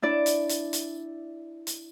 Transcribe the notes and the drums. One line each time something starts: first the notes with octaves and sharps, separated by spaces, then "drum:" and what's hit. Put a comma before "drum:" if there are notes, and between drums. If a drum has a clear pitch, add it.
D4 E4 D5
drum: hi-hat
drum: hi-hat
drum: hi-hat
drum: hi-hat